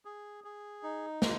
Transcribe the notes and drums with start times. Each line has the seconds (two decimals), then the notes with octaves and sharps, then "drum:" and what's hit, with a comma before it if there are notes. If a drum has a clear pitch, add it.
0.05 G#4
0.44 G#4
0.83 D#4
1.22 G#3, drum: snare